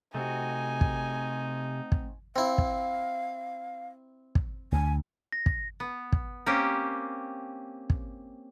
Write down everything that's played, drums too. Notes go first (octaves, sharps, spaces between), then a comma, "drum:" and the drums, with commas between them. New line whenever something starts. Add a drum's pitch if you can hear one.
C3 A3 C4 D#4 F#4 G#5
drum: kick
drum: kick
C4 E4 F5
drum: kick
drum: kick
D2 G#5
A#6
drum: kick
B3
drum: kick
A#3 C4 C#4 G4
drum: kick